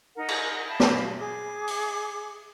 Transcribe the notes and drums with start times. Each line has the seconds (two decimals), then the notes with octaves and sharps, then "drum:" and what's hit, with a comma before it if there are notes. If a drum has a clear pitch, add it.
0.17 D#4 A#4 F#5
0.28 drum: cymbal
0.68 E5 F5 A5 B5
0.80 drum: snare
1.19 G#4 D6
1.67 drum: open hi-hat